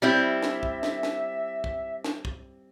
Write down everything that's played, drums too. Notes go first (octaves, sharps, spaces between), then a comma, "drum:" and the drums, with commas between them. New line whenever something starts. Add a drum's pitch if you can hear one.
G3 C4 E4 E5
drum: snare
drum: kick
drum: snare
drum: snare
drum: kick
drum: snare
drum: kick